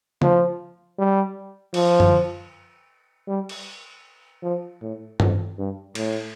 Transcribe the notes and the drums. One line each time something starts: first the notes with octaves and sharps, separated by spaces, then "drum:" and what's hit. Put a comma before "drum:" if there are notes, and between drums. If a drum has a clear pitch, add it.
F3, drum: tom C#3
G3
F3, drum: cymbal
drum: tom
G3
drum: cymbal
F3
A2
F2, drum: tom G2
G2
A2, drum: cymbal